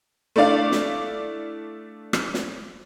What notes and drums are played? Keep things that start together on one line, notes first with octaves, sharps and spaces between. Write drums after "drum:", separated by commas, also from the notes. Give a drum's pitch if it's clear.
A3 D4 E4 D5 F5
drum: snare
drum: rim click
drum: snare